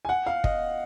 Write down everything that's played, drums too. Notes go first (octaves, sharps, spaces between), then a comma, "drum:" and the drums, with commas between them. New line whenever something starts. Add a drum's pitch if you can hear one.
G#5
F#5
F5
D#5, drum: kick